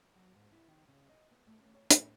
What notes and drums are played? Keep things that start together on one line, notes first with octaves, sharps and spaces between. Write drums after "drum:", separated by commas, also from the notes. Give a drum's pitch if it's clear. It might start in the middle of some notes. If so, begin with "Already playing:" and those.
F#3
G#2
E4
D#3
C#3
D#5
B3
A3
C#4
C#5
A2, drum: hi-hat